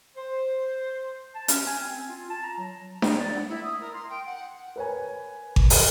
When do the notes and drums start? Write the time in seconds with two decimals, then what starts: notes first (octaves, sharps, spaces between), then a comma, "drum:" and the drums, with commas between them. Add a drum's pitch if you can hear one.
0.17 C5
1.35 A5
1.48 C#4, drum: hi-hat
1.66 G#5
1.80 C4
2.08 F4
2.30 A5
2.43 A#5
2.58 F#3
3.02 D#4, drum: snare D4
3.18 D5
3.34 F#5
3.49 E4
3.63 D#6
3.80 A#4
3.93 C6
4.10 G5
4.26 F#5
4.76 A#4 B4 C#5 G#5
5.56 drum: kick G#1
5.70 drum: open hi-hat